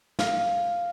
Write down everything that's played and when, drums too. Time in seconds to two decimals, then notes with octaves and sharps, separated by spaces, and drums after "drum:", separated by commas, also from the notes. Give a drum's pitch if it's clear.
0.19 F5, drum: snare